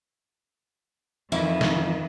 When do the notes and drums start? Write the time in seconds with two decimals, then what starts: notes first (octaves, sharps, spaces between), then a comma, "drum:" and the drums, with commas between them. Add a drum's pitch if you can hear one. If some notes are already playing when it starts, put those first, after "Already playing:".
1.32 F2 D#3 E3 E4, drum: tambourine
1.61 drum: snare